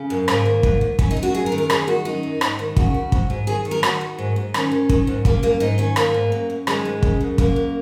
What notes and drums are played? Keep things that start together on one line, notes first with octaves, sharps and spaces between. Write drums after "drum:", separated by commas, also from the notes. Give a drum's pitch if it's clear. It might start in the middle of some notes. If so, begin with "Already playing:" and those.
Already playing: C#3
F#2
G#2 A#3, drum: rim click
D#3
G#2, drum: kick
G#2
F#2 C#4, drum: kick
D#4
F#2
F#4
F#2 G#4
A#4
D#3
A#4
D#3 G#4, drum: rim click
D#3 F#4
F#2 D#4
F#2
G#2, drum: rim click
D#3
C#3 F#4, drum: kick
C#3
G#2, drum: kick
G#2
D#3 G#4
D#3
A#4
D#3 F#4, drum: rim click
D#3
G#2
G#2
D#3 C#4, drum: rim click
D#3
D#3, drum: kick
G#2
F#2 A#3, drum: kick
F#2 A#3
G#2 D#4
D#3 C#4
G#2 A#3, drum: rim click
G#2
F#2
F#2
D#3 G#3, drum: rim click
G#2
C#3, drum: kick
F#2
F#2 A#3, drum: kick
F#2